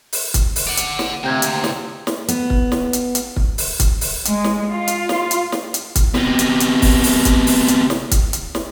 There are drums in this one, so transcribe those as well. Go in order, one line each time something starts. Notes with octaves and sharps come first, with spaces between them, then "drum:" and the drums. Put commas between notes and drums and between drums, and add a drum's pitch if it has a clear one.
drum: open hi-hat
drum: kick, hi-hat
drum: open hi-hat
D5 F#5
drum: hi-hat
drum: snare
D2 C3 A#3 G5 G6 G#6
drum: hi-hat
drum: snare
drum: snare
B3, drum: hi-hat
drum: kick
drum: snare
drum: hi-hat
drum: hi-hat
drum: kick
drum: open hi-hat
drum: kick, hi-hat
drum: open hi-hat
G#3, drum: hi-hat
drum: snare
F4
drum: hi-hat
drum: snare
drum: hi-hat
drum: snare
drum: hi-hat
drum: kick, hi-hat
C3 B3, drum: snare
drum: hi-hat
drum: hi-hat
drum: kick, open hi-hat
drum: open hi-hat
drum: kick, hi-hat
drum: open hi-hat
drum: hi-hat
drum: snare
drum: kick, hi-hat
drum: hi-hat
drum: snare